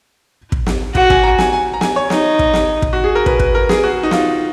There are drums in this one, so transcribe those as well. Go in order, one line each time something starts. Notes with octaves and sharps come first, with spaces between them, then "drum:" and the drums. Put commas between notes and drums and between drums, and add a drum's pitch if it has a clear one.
drum: kick
drum: snare
F#4 F#5, drum: kick
G#5, drum: kick
A#5
G#5, drum: snare
G#5
A#5
G#5, drum: snare
C#5
D#4, drum: snare
drum: kick
drum: snare
drum: kick
F#4
G#4
A#4
B4, drum: kick
B4, drum: kick
A#4
G#4, drum: snare
F#4
D#4
F4, drum: snare